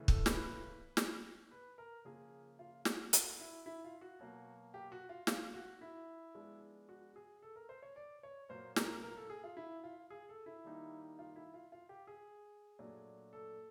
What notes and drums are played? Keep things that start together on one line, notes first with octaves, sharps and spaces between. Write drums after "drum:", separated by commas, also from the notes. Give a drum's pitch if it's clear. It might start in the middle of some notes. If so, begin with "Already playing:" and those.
Already playing: C#3 E3 A3
A4, drum: kick
B4, drum: snare
drum: snare
B4
A#4
C#3 F3 A#3 G#4
F4
F#4, drum: snare
F#4, drum: hi-hat
E4
E4
F4
F#4
B2 F#3 A#3
G4
F#4
F4
F4, drum: snare
F#4
E4
F3 G#3 B3 D4
F#4
G#4
A4
A#4
C5
C#5
D5
C#5
A#2 F#3 A#3 C5
A#4, drum: snare
A#4
A4
G#4
F4
E4
F4
G#4
A4
E4
D#3 G3 A#3 D#4
F4
E4
F4
F4
G4
G#4
A#2 F#3 A3 D4
A4